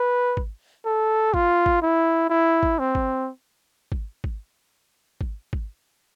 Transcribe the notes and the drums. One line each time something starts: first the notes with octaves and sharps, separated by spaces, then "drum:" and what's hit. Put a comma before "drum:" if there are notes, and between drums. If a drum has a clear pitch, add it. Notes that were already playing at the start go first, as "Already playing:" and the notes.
Already playing: B4
drum: kick G#1
A4
F4, drum: kick G#1
drum: kick G#1
E4
E4
drum: kick G#1
C4
drum: kick G#1
drum: kick G#1
drum: kick G#1
drum: kick G#1
drum: kick G#1